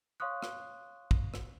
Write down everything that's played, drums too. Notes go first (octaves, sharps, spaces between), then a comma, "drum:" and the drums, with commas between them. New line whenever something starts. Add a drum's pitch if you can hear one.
C#5 F5 C6 C#6 D#6 F#6
drum: rim click
drum: kick
drum: rim click